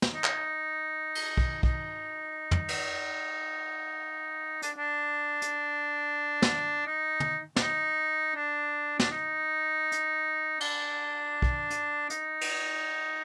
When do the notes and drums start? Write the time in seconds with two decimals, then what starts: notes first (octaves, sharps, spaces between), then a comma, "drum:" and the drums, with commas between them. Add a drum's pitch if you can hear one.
0.02 drum: snare
0.14 D#4
0.24 drum: clap
1.15 drum: cymbal
1.37 drum: kick B1
1.63 D#4, drum: kick B1
2.51 drum: tom
2.68 drum: cymbal
4.62 D4, drum: hi-hat
4.78 D4
5.42 drum: hi-hat
6.42 drum: snare
6.87 D#4
7.20 drum: tom
7.56 D4, drum: snare
7.61 D#4
8.36 D4
8.99 D4, drum: snare
9.11 D#4
9.92 drum: hi-hat
10.60 D4, drum: cymbal
11.42 drum: kick B1
11.70 drum: hi-hat
12.10 D#4, drum: hi-hat
12.41 drum: cymbal